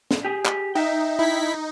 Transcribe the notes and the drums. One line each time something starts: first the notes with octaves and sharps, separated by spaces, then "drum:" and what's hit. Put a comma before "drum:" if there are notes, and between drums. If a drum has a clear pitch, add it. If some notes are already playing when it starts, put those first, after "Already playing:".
drum: snare
G4 G#4
drum: clap
D#4 E5 G5
E4 B6